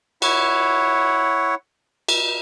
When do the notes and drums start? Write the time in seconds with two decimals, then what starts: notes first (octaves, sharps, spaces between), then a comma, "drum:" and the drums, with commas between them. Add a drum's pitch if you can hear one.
0.22 E4 C#5 F#5, drum: cymbal
2.09 drum: cymbal